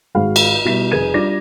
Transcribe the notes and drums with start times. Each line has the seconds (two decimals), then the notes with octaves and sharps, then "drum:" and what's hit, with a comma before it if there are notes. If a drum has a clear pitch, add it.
0.15 G#1 G#2 G#3 F#4 F5 B5
0.36 drum: cymbal
0.65 B2 G3 E4 B6
0.91 F1 G#4 B4 G#6 D#7
1.13 G3 D4 F4 D5 D6 A#6